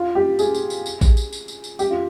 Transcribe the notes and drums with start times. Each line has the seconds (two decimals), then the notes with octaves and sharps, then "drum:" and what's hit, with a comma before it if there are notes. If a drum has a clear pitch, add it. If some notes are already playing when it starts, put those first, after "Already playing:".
Already playing: F4
0.15 G4
0.39 G#4, drum: tambourine
0.54 drum: tambourine
0.70 drum: tambourine
0.86 drum: tambourine
1.01 drum: kick A1, tambourine
1.17 drum: tambourine
1.33 drum: tambourine
1.48 drum: tambourine
1.64 drum: tambourine
1.79 G4, drum: tambourine
1.91 F4